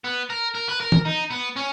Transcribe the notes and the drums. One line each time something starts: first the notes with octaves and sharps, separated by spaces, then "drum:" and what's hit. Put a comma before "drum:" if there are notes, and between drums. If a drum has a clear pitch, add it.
B3
A#4
A#4
B4
A#4
drum: tom
D#4
B3
C#4